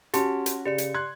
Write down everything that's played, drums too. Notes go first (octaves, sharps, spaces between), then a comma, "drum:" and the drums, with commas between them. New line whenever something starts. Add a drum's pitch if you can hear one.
C#4 F#4 G4 A5 C6, drum: hi-hat
drum: hi-hat
C#3 G4 D5 C#7
drum: hi-hat
C6 F#6 G#6